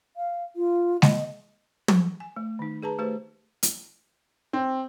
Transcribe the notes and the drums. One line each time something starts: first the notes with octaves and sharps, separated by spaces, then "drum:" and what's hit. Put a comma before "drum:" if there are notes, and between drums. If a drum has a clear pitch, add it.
F5
F4
D#5, drum: snare G#3
drum: tom
G#5
A3
D#3 D#4
G#4 B4 A5 A#5
A3 G4 B4 C5
drum: hi-hat
C4